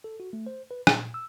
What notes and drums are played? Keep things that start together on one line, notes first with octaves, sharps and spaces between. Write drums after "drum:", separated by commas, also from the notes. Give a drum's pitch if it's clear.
A4
F#4
A3
C5
B4
A#2, drum: rim click
E6